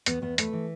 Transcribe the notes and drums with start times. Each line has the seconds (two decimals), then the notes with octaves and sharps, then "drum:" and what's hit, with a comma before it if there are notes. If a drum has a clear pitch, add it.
0.06 E2 B3, drum: hi-hat
0.22 E2 B3
0.38 A3 B4, drum: hi-hat
0.53 E3